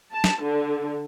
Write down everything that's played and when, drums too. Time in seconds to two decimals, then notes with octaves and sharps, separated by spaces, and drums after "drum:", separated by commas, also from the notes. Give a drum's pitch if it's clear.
0.13 A5
0.24 drum: snare
0.42 D3